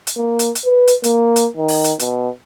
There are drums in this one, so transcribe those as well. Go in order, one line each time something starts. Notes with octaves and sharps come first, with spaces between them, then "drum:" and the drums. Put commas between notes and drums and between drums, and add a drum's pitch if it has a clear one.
drum: hi-hat
A#3
drum: hi-hat
drum: hi-hat
B4
drum: hi-hat
A#3, drum: hi-hat
drum: hi-hat
D#3
drum: open hi-hat
drum: hi-hat
B2, drum: hi-hat